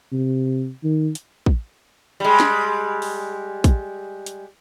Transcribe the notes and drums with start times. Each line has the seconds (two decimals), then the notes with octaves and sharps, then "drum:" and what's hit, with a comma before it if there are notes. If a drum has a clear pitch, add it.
0.12 C3
0.84 D#3
1.15 drum: hi-hat
1.46 drum: kick
2.20 G3 G#3
2.40 drum: snare
3.02 drum: open hi-hat
3.64 drum: kick, hi-hat
4.26 drum: hi-hat